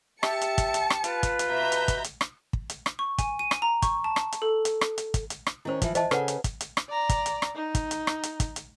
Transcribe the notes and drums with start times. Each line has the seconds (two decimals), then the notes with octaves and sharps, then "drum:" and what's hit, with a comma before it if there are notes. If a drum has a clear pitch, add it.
0.23 G4 E5 A5 C#7, drum: rim click
0.41 drum: hi-hat
0.58 drum: kick, hi-hat
0.74 drum: hi-hat
0.90 drum: rim click
1.04 F4 B4, drum: hi-hat
1.23 drum: kick, hi-hat
1.39 drum: hi-hat
1.49 B2 E5 A#5 G6
1.72 drum: hi-hat
1.88 drum: kick, hi-hat
2.04 drum: hi-hat
2.21 drum: rim click
2.53 drum: kick
2.70 drum: hi-hat
2.86 drum: rim click
2.99 C#6
3.18 G#5, drum: kick, hi-hat
3.39 D#7
3.51 drum: rim click
3.62 A#5
3.82 C#6, drum: kick, hi-hat
4.04 A5
4.16 drum: rim click
4.32 drum: hi-hat
4.42 A4
4.65 drum: hi-hat
4.81 drum: rim click
4.98 drum: hi-hat
5.14 drum: kick, hi-hat
5.30 drum: hi-hat
5.47 drum: rim click
5.65 D#3 C#4 E4 C5
5.82 E3 F3, drum: kick, hi-hat
5.95 E3 C5 D#5 A5, drum: hi-hat
6.11 C#3 A4 B4 F#5 G#5, drum: rim click
6.28 drum: hi-hat
6.44 drum: kick, hi-hat
6.61 drum: hi-hat
6.77 drum: rim click
6.89 D5 A#5
7.09 drum: kick, hi-hat
7.26 drum: hi-hat
7.42 drum: rim click
7.55 D#4
7.75 drum: kick, hi-hat
7.91 drum: hi-hat
8.07 drum: rim click
8.23 drum: hi-hat
8.40 drum: kick, hi-hat
8.56 drum: hi-hat